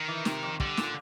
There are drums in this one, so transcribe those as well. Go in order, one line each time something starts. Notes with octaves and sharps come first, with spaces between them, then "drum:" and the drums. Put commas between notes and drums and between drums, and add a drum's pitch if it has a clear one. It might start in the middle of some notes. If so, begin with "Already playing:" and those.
Already playing: D#3
E3
C3, drum: snare
F2
D3 G3, drum: kick
A#2, drum: snare